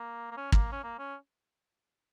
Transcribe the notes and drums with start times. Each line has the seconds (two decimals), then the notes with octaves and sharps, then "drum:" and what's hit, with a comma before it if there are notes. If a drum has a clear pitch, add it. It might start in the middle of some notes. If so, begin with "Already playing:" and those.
Already playing: A#3
0.31 A#3
0.37 C#4
0.52 A#3, drum: kick
0.72 C#4
0.84 A#3
0.99 C#4